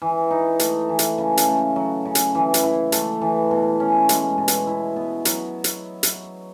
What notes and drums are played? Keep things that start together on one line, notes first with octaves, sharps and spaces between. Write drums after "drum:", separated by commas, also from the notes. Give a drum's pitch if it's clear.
E3
D#4
A3, drum: hi-hat
E3
drum: hi-hat
C#3
drum: hi-hat
A3
F#3
C#3
drum: hi-hat
E3
drum: hi-hat
E4
A3, drum: hi-hat
E3
B2
C#4
G#3, drum: hi-hat
B2
drum: hi-hat
E4
B3
F#3, drum: hi-hat
drum: hi-hat
drum: hi-hat